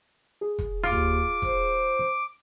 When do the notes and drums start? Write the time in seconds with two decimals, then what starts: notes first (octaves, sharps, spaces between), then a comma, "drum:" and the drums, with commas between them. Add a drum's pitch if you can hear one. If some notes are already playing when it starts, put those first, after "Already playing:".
0.41 G#4
0.58 drum: kick
0.84 D#2 F4 D6
0.93 drum: kick
1.42 C5, drum: kick